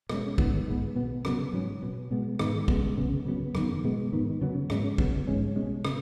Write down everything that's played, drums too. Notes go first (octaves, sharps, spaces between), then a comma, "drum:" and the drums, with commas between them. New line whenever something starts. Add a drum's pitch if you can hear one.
B2 G#3 C#4, drum: rim click
G#2 D#3 B3, drum: kick
G#2 G#3 B3
B2 B3
C#3 F#3 B3, drum: rim click
G#2 F#3 C#4
B2 B3
B2 G#3 B3
G#2 D#3 B3, drum: rim click
C#3 G#3 B3, drum: kick
F#2 C#3 B3
C#3 F#3 B3
F#2 D#3 B3, drum: rim click
B2 G#3 B3
G#2 D#3 B3
C#3 F#3 B3
G#2 G#3 C#4, drum: rim click
F#2 C#3 B3, drum: kick
G#2 G#3 C#4
B2 G#3 C#4
C#3, drum: rim click